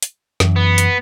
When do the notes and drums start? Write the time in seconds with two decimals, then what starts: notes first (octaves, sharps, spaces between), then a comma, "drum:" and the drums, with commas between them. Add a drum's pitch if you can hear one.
0.03 drum: hi-hat
0.40 F#2 E3, drum: snare
0.56 B3
0.78 drum: hi-hat